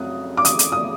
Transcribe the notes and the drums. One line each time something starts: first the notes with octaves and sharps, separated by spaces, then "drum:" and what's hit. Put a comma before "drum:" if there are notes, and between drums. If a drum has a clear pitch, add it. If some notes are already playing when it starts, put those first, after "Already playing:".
Already playing: F#2 C4 D#6 F#6
D6
D#6, drum: hi-hat
drum: hi-hat
D#6